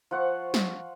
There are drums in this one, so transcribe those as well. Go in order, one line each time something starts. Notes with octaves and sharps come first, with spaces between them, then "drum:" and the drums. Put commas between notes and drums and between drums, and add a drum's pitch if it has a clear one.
F3 F#5 C#6
drum: snare